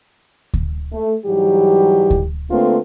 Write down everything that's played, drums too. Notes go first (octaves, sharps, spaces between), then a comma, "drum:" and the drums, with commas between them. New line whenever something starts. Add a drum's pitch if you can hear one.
drum: kick D2
A3
G#2 E3 F#3 G3 G4
drum: kick D2
D3 A3 A#3 C4 F4 B4